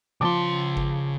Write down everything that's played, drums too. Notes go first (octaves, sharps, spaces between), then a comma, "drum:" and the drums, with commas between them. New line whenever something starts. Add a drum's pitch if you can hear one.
C#3 F3 A5 C6 D6
drum: kick F#1